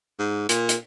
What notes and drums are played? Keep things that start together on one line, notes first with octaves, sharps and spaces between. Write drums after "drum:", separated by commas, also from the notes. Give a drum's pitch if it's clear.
G#2
A#2, drum: hi-hat
drum: hi-hat